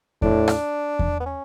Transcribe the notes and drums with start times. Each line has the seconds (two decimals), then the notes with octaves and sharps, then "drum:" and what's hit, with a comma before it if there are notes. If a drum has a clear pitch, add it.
0.22 A2 D4, drum: kick E2
0.48 drum: rim click
0.99 drum: kick E2
1.20 B3
1.26 C#4